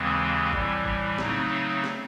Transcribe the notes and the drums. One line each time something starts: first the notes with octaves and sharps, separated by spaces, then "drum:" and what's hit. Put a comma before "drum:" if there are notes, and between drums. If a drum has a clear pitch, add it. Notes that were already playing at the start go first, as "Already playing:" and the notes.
Already playing: D#2 C#3 E3 G#3 C4
A2 E3 G3, drum: kick
drum: kick
C#3 F#3 A3 C4 D#4, drum: snare
drum: snare